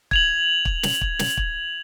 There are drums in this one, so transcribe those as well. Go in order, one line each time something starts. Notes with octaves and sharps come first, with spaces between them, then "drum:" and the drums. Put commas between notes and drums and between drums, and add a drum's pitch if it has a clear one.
G#6 F7 F#7, drum: kick
drum: kick
drum: snare
drum: kick
drum: snare
drum: kick